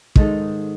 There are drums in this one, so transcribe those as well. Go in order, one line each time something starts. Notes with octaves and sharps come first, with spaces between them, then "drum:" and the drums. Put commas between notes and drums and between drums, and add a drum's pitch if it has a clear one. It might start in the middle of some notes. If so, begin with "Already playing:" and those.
G#2 D#3 G#3 D#4 A4, drum: kick